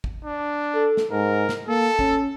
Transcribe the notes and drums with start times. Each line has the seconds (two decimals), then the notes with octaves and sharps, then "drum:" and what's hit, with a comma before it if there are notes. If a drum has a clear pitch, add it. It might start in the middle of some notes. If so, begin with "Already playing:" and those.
0.04 drum: kick
0.24 D4
0.75 A4
0.97 drum: snare
1.11 G#2 A#4
1.49 drum: snare
1.68 A#3 A4
1.99 C#4, drum: kick